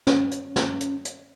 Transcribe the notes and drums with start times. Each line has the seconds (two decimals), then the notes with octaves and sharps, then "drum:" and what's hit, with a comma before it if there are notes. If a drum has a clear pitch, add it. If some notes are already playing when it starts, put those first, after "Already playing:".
0.07 C#4, drum: snare
0.31 drum: hi-hat
0.56 drum: snare
0.80 drum: hi-hat
1.05 drum: hi-hat